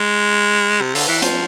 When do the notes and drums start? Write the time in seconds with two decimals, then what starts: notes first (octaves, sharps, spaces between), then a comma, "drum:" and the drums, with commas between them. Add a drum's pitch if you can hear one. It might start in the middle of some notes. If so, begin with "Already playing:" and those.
Already playing: G#3
0.81 C3
0.95 D3, drum: open hi-hat
1.08 E3
1.22 F3, drum: hi-hat